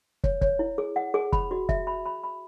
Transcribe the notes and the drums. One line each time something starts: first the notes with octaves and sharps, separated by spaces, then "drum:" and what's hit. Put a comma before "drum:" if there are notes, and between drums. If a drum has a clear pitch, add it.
C#5, drum: kick
C#5, drum: kick
E4
G#4
F#5
G#4
B5, drum: kick
F#4
E5, drum: kick
B5
B5
B5